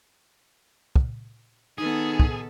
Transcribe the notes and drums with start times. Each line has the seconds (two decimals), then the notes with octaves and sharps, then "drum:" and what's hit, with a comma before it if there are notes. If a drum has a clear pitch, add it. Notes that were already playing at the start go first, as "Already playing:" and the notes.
0.96 drum: kick
1.78 D#3 B3 D#4 G#4 A4
2.20 drum: kick